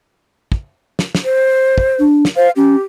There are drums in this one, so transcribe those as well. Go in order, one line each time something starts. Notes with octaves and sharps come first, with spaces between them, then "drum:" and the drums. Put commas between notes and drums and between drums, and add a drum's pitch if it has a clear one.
drum: kick
drum: snare
drum: snare
C5
drum: kick
D4
drum: snare
C5 F5
C#4 G4